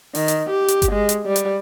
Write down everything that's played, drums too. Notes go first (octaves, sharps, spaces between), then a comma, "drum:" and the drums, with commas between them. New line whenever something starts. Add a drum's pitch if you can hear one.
D#3, drum: open hi-hat
drum: hi-hat
G4
drum: hi-hat
drum: kick G1, hi-hat
G#3
drum: hi-hat
G3
drum: hi-hat